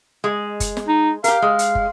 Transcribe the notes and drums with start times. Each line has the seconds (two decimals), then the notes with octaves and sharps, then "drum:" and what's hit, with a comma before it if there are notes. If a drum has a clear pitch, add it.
0.24 G#3
0.60 drum: kick, hi-hat
0.77 drum: snare
0.88 D#4
1.24 G4 A#4 F5, drum: hi-hat
1.42 G#3
1.59 drum: hi-hat
1.75 drum: kick